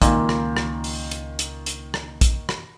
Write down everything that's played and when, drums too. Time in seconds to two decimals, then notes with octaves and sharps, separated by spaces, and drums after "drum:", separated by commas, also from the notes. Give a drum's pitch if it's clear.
0.02 C#2 A#2 D#3 A#3, drum: kick, hi-hat
0.29 drum: rim click
0.57 drum: rim click
0.84 drum: open hi-hat
1.11 drum: hi-hat
1.39 drum: hi-hat
1.66 drum: hi-hat
1.94 drum: rim click
2.21 drum: kick, hi-hat
2.49 drum: rim click